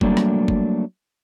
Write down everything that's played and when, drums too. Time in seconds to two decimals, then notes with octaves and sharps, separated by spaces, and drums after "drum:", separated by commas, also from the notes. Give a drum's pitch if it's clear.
0.01 F#3 G3 A3 A#3 D4, drum: kick
0.17 drum: snare
0.48 drum: kick